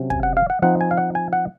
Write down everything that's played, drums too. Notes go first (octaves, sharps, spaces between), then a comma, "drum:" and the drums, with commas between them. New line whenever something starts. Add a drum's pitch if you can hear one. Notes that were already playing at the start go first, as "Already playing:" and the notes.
Already playing: C3 F#3 C#4
G#5, drum: kick
F#5
F5
F#5
F3 C4 D#4 F#5
G#5
F5
F#5
G#5
F#5